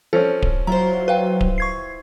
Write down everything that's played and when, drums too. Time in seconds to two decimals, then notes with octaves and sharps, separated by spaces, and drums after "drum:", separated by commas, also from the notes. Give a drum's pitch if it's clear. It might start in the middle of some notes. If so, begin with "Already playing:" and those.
0.13 F3 C4 C#4 A4
0.42 drum: kick D1
0.67 F#3 E4 F4 C5 A#5
1.08 B4 F5 G5
1.41 drum: kick D1
1.58 C#6 G#6 C7